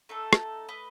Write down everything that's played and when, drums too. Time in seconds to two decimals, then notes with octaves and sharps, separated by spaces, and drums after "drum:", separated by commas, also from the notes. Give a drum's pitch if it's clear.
0.09 A3 D#4 A4
0.33 drum: rim click
0.69 B4 D#5